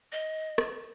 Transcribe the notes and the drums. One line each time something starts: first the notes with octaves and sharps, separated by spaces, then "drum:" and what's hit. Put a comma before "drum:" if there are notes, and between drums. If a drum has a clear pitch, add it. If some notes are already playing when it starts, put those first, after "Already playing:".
D#5
drum: rim click